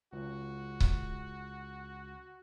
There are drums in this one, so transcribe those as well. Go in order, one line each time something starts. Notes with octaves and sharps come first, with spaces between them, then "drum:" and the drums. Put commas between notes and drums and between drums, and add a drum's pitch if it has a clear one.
C#2 F#4
drum: kick C#1